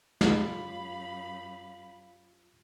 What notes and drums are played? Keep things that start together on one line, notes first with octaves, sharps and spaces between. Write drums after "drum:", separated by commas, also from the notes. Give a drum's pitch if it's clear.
F#2 F4 G4 F5 B5, drum: snare